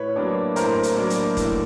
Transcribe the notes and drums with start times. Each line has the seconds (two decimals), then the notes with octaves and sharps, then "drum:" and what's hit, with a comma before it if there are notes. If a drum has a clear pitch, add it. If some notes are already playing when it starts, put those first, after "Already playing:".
Already playing: A2 B4 C#5
0.16 F#3 A#3 D4
0.56 A2 A#4 C5, drum: hi-hat
0.83 drum: hi-hat
0.96 F#3 A#3 D4
1.10 drum: hi-hat
1.37 A2, drum: kick E1, hi-hat